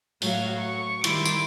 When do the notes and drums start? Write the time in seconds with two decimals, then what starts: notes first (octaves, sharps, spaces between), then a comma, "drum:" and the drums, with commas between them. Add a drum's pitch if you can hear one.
0.22 A2 F#3 F#4 F5, drum: open hi-hat
0.60 C#6
1.04 D#3 G3 E4 C6 D6, drum: hi-hat
1.25 drum: tambourine